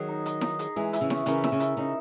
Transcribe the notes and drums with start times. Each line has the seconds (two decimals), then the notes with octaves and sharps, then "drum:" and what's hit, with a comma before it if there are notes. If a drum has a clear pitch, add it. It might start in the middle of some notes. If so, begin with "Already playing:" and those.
Already playing: D#3 F#3 G#4
0.08 D#4
0.26 D#5, drum: hi-hat
0.41 D#4, drum: snare E4
0.59 G#4, drum: hi-hat
0.76 E3 G#3 E5
0.93 E4, drum: hi-hat
1.01 C#3 E3
1.10 C#4, drum: snare E4
1.26 C#3 E3 A#4, drum: hi-hat
1.44 E5, drum: snare E4
1.52 C#3
1.60 E4, drum: hi-hat
1.77 C#3 D#4